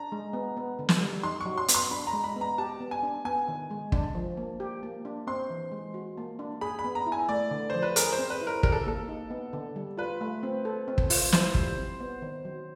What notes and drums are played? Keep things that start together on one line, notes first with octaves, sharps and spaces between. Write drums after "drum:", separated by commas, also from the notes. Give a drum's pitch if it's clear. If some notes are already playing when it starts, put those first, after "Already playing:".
Already playing: D4 A#5
G#3
B3
B3
D3
drum: snare
G3
D#4 C6
F#3 C#6
C6
B3, drum: hi-hat
C6
D4 B5
A#5
G#3
B5
B3
A#5
G4 A5
B3
G#5
D4
B3 G#5
D#3
G#3
D4, drum: kick
F3
A#3
G4
A#3
D4
C4 C6
E3
G#3
F#4
A#3
D4
G#4 B5
B5
B3
A#5
E4
G#5
A3 D5
D3
F3 C5
B4
G#4 A#4, drum: hi-hat
C5
C4
B4
E4
A#4
G4 A#4, drum: kick
A4
A#3 A4
D#4
B3
D3
G3
F4 B4
A3
C4
A4
C4
drum: kick
F4, drum: open hi-hat
E4 C5, drum: snare
G3, drum: kick
C4
B3
D#3
F#3